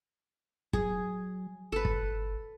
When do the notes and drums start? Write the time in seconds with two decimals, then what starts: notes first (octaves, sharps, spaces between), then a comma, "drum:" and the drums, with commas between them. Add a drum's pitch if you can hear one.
0.73 F#3 G#4, drum: kick
1.72 G1 A4 B4
1.85 drum: kick